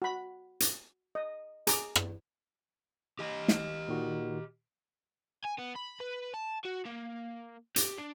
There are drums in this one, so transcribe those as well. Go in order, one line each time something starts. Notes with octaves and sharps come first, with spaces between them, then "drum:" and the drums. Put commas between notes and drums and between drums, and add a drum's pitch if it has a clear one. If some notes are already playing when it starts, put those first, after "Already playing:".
F#4 B5
drum: hi-hat
D#5
G#4 A#5 D6, drum: hi-hat
drum: rim click
G4 D#5
drum: snare
A#2 D#3 F#4
G#5
B3
B5
B4
A5
F#4
A#3
G4, drum: hi-hat
D4